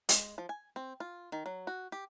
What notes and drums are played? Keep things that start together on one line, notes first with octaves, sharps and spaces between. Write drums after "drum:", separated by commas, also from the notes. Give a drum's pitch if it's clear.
G#3, drum: hi-hat
F3
G#5
C4
F4
D#3
F#3
F#4
G4